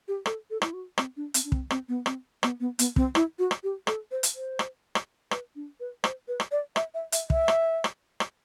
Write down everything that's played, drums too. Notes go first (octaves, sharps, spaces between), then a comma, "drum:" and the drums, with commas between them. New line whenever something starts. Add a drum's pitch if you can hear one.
G4
A4, drum: rim click
A4
E4, drum: rim click
F#4
C4, drum: rim click
D4
C4, drum: hi-hat
D4
C4, drum: kick
C4, drum: rim click
B3
C4, drum: rim click
B3, drum: rim click
B3
B3, drum: hi-hat
C4, drum: kick
E4, drum: rim click
F#4
drum: rim click
G4
A4, drum: rim click
C5
drum: hi-hat
C5
drum: rim click
drum: rim click
B4, drum: rim click
D4
B4
C5, drum: rim click
B4
drum: rim click
D5
E5, drum: rim click
E5
E5, drum: hi-hat
E5, drum: kick
drum: rim click
drum: rim click
drum: rim click